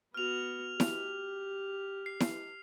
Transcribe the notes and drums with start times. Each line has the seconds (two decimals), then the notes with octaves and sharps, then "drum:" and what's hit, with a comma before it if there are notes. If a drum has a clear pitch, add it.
0.14 B3 F#4 F6 F7
0.80 G4, drum: snare E4
2.06 C7
2.20 drum: snare E4